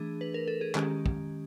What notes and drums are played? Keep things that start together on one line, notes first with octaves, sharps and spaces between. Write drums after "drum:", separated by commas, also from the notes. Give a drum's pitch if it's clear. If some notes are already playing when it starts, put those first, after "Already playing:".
Already playing: E3 A3 D4 G#4
B4
A#4
A4
G#4
D#3 G#3 C#4 G4, drum: clap
drum: kick